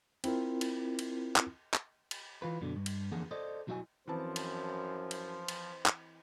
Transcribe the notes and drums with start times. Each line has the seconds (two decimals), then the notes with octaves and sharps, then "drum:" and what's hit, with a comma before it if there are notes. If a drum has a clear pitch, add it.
0.24 C4 E4 F4 A#4, drum: cymbal
0.61 drum: cymbal
0.99 drum: cymbal
1.36 drum: clap
1.74 drum: clap
2.11 drum: cymbal
2.42 E3 F4 B4
2.61 F#2 B2 D3
2.76 G2
2.86 drum: cymbal
3.11 F2 D3 E3 A#3 G#4 F#5
3.31 A4 C5 D5 D#5
3.67 B1 F#3 E4 F#4 D#5 G#5
4.07 F#2 E3 F3 C4 C5 A5
4.36 drum: cymbal
5.11 drum: cymbal
5.48 drum: cymbal
5.86 drum: clap